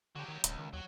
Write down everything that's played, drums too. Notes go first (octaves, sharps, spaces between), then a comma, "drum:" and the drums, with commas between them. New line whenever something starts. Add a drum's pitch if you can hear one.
D3 F#3 G4
D#3
D1 C#2, drum: hi-hat
D#3
D#2 F#3